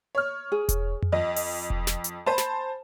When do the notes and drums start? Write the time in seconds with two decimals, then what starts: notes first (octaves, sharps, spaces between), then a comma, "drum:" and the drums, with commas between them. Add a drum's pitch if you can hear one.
0.15 C#5 F6
0.52 G#4
0.69 drum: kick E1, hi-hat
1.02 drum: tom F2
1.12 F2 D#5
1.36 drum: open hi-hat
1.70 drum: kick E1
1.87 drum: snare
2.04 drum: hi-hat
2.26 C5 G#5 A5 B5
2.38 drum: snare